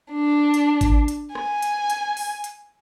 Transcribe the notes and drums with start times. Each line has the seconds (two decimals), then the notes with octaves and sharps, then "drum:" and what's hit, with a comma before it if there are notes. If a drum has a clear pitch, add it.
0.11 D4
0.54 drum: hi-hat
0.81 drum: kick G#1, hi-hat
1.08 drum: hi-hat
1.35 G#5, drum: rim click
1.62 drum: hi-hat
1.90 drum: hi-hat
2.17 drum: open hi-hat
2.44 drum: hi-hat